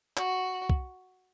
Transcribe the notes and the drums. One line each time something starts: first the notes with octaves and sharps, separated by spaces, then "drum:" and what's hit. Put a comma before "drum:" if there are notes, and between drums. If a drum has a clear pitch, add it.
F#4, drum: clap
drum: kick